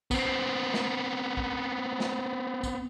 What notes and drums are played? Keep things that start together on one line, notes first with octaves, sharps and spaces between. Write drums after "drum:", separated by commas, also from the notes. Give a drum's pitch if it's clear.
B3 C4, drum: kick, tambourine
drum: snare
drum: kick
drum: snare
drum: kick, tambourine